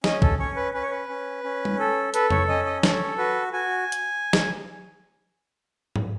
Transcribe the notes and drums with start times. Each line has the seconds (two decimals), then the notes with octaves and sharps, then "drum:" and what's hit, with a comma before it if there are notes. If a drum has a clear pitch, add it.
0.04 C#4 D#5, drum: snare
0.22 A4, drum: kick A#1
0.39 C#4 C#5
0.56 B4
0.74 C#4 B4
0.82 C#5
0.91 B4
1.09 C#4
1.44 C#4
1.65 drum: tom G3
1.79 A4
2.14 A4 B4, drum: hi-hat
2.31 C#5, drum: tom F2
2.48 C#4 D#5
2.66 D#5
2.83 A4 C#5, drum: snare
3.18 F#4 B4
3.53 F#4 G#5
3.92 drum: hi-hat
4.33 drum: snare
5.96 drum: tom